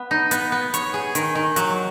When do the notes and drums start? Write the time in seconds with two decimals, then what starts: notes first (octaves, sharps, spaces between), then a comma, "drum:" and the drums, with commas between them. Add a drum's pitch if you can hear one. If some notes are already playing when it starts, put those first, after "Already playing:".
Already playing: B3
0.11 D#4
0.31 B3, drum: hi-hat
0.52 B3
0.74 C#5, drum: hi-hat
0.94 G#4
1.15 D#3, drum: hi-hat
1.35 D#3
1.56 F#3, drum: hi-hat